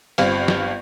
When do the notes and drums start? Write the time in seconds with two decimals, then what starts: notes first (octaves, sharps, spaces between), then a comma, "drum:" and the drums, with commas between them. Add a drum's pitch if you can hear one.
0.18 G1 G2 C4 F4 F5, drum: hi-hat
0.48 drum: snare